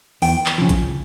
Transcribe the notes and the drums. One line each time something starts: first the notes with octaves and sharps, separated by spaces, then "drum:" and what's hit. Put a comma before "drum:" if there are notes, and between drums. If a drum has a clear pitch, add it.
E2 G5, drum: open hi-hat
drum: clap
C#3 F3
drum: kick A1, hi-hat